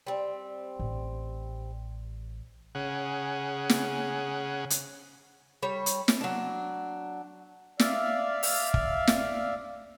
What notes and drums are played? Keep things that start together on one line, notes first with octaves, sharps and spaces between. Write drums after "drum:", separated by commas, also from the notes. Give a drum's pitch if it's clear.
G3 C4
A1
C#3 G#4 F#5
drum: snare
drum: hi-hat
G3 C#5
drum: hi-hat
drum: snare
F#3 D4
D5 E5 F5, drum: snare
drum: open hi-hat
drum: kick
drum: snare